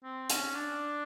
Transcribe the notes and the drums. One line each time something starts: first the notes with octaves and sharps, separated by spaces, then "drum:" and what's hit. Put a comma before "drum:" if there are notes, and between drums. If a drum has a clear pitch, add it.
C4
C#4, drum: hi-hat
D4